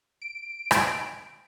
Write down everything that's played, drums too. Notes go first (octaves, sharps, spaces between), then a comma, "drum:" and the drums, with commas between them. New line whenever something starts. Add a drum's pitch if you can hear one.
D7
drum: rim click